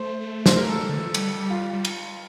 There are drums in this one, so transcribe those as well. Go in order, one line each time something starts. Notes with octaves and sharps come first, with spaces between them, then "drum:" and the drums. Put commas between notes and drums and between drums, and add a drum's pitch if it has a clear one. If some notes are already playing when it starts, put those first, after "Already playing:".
Already playing: A3 C5
C5, drum: snare
A#4
A4
G3
D3
E3
F3
G3, drum: cymbal
F4
G3
drum: cymbal